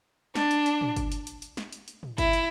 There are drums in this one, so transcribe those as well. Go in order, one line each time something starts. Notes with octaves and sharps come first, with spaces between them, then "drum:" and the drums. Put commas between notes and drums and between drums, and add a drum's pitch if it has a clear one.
D4, drum: snare
drum: hi-hat
drum: hi-hat
drum: tom
drum: kick, hi-hat
drum: hi-hat
drum: hi-hat
drum: hi-hat
drum: snare
drum: hi-hat
drum: hi-hat
drum: tom
E4, drum: kick, hi-hat
drum: hi-hat